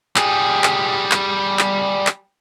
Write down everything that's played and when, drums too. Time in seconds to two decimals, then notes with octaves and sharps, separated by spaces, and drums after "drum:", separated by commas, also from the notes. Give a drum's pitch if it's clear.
0.16 G3 G#4, drum: clap
0.64 drum: clap
1.11 drum: clap
1.59 drum: clap
2.07 drum: clap